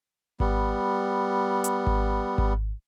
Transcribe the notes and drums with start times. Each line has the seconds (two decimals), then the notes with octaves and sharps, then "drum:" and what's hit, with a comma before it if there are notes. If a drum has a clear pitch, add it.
0.40 G3 B3, drum: kick G#1
1.64 drum: hi-hat
1.87 drum: kick G#1
2.38 drum: kick G#1